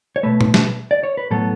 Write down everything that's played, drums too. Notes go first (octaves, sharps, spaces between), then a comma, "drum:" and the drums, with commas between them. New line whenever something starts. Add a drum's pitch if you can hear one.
C#5
B2 A3 B4
drum: tom A2
drum: snare
D5
C#5
B4
A2 F#3 B3 A4